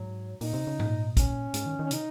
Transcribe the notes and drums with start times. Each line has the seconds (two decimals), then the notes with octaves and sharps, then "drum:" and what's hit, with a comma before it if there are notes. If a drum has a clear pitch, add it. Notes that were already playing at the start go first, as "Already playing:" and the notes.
Already playing: G#2 F#3
0.41 A#2 D#4, drum: open hi-hat
0.53 C3
0.67 C#3
0.80 A#2, drum: tom G#2
1.17 C#4, drum: kick, hi-hat
1.54 G#2, drum: hi-hat
1.66 D#3
1.79 D#3 C#4
1.91 C3 D#4, drum: hi-hat